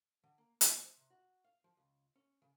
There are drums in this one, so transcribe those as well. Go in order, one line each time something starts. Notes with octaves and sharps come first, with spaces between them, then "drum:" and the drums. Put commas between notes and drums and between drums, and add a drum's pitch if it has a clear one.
D3
A#3
C#3, drum: hi-hat
C5
C3
F#4
F5
F3
C#2
C#4
C#3